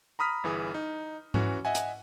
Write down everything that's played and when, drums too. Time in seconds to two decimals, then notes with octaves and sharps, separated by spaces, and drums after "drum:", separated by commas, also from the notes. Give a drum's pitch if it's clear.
0.19 A#5 B5 D#6 F6 B6
0.44 G1 E3 G#4 D#6
0.74 D#4
1.34 E3 C#4 F#4, drum: tom G#2
1.65 D#5 E5 F#5 G#5
1.75 drum: hi-hat